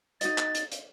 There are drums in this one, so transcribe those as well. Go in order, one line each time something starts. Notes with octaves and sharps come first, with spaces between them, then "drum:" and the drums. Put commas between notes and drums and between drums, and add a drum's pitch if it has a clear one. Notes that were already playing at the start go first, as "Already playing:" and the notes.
D#4 F#4 D#5 A6, drum: hi-hat
drum: clap
drum: hi-hat
drum: hi-hat